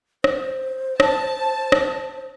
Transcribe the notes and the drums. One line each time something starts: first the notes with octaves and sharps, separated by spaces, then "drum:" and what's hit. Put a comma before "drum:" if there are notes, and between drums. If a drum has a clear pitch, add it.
C5, drum: rim click
A5, drum: rim click
drum: rim click